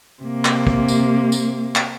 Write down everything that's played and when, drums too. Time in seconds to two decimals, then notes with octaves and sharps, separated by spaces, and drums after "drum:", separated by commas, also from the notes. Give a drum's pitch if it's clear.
0.23 C3 A#3
0.45 drum: clap
0.67 drum: kick
0.88 drum: tambourine
1.32 drum: tambourine
1.76 drum: clap